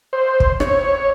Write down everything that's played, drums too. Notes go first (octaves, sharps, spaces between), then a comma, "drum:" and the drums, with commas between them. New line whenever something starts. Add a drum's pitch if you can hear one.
C5
drum: kick
C#5, drum: rim click